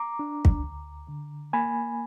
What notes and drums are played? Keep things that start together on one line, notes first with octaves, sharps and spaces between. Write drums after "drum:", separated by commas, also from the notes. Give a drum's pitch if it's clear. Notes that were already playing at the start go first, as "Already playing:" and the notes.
Already playing: A#5 D6
D4
drum: kick
D2
D3
A#3 G#5 B5